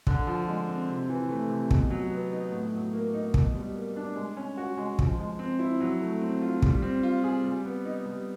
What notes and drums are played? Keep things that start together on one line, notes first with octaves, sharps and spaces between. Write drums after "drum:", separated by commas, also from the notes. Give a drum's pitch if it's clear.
D3, drum: kick
F3
G#3
C4
C3
E3
A3
C3
B2, drum: kick
F#3
B3
D#4
A2
F#3
A#3
D#4
B2, drum: kick
G3
A#3
D4
G#3
C#4
F#4
G#3
F3, drum: kick
G#3
C4
E4
F#3
A3
C4
F4
G3, drum: kick
C4
F4
G#4
G3
B3
D#4
G3